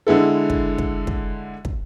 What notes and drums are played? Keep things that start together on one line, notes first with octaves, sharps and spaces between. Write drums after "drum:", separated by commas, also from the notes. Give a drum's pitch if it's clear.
D3 G#3 E4 A4
drum: kick
drum: kick
drum: kick
drum: kick